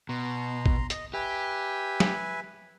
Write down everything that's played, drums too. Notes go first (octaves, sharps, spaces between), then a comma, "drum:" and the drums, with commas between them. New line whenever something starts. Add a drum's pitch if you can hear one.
B2 A#5 C6
drum: kick A1
D#5, drum: hi-hat
G4 B4 E5 G#5
drum: snare